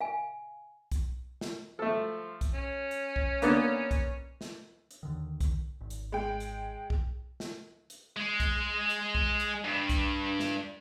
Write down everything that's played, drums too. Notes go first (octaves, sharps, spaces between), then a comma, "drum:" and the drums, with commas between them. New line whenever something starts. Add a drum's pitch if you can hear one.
F5 G#5
drum: kick B1, hi-hat
drum: snare
F3 A3 A4
drum: kick B1, hi-hat
C#4
drum: hi-hat
drum: kick B1
A#3 B3 D4, drum: hi-hat
drum: kick B1, hi-hat
drum: snare
drum: hi-hat
D#2 D3 D#3
drum: kick B1, hi-hat
G#1
drum: hi-hat
G#3 G5
drum: hi-hat
drum: kick B1
drum: snare
drum: hi-hat
G#3
drum: kick B1, hi-hat
drum: hi-hat
drum: kick B1
drum: hi-hat
G2
drum: kick B1, hi-hat
drum: snare